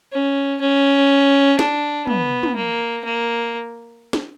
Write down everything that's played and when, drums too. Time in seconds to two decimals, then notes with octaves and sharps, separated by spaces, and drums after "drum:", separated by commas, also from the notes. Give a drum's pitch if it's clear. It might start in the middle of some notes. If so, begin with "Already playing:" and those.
0.13 C#4
0.61 C#4
1.59 D4, drum: snare
2.07 B3, drum: tom
2.43 drum: tom
2.56 A#3
3.05 A#3
4.13 drum: snare